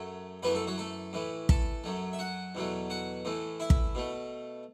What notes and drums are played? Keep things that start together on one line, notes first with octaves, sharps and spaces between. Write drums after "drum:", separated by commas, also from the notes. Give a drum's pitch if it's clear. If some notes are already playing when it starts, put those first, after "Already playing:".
Already playing: F#2 F#3 A3
F#2 E3 A3 B3 B4
A3 A4
F#3 F#4
A3 A4
A2 E3 A3
A4 A5, drum: kick
F#2 F#3 A3
E5
F#4 F#5
E2 B2 F#3 A3
F#4 F#5
A2 E3 A3
E4 E5
drum: kick
B2 A3